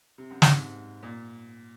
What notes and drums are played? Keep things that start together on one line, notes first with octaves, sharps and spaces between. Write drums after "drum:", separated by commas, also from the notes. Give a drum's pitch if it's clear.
C3
F#2
G#2, drum: snare
C3
A#2